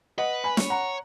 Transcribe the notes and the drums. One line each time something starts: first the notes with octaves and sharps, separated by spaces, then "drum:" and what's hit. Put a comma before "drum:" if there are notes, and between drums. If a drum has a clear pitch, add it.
B4 D#5 F#5
G#5 B5
C#5, drum: snare
F#5 A#5